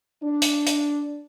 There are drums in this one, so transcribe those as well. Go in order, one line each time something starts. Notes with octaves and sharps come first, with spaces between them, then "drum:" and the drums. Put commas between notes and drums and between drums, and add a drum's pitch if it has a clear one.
D4
drum: hi-hat
drum: hi-hat